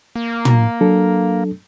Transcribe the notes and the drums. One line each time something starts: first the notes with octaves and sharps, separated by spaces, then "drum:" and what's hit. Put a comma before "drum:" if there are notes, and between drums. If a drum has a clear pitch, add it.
A#3
drum: tom
F#3 D4 A4